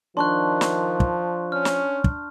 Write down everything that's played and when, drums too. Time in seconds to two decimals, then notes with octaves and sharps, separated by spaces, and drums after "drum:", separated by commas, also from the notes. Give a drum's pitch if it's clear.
0.17 D#3 F3 D4 C6 C#6 F#6
0.61 drum: snare
1.00 drum: kick
1.52 C#4 F6
1.65 drum: snare
2.04 drum: kick